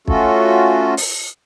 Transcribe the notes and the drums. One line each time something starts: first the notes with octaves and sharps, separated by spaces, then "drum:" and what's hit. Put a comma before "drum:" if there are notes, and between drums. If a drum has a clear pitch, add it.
A3 C#4 F4 F#4 A4, drum: kick
drum: open hi-hat